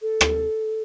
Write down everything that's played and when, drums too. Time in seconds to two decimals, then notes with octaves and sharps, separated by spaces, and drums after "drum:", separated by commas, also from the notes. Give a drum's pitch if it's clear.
0.01 A4
0.21 drum: rim click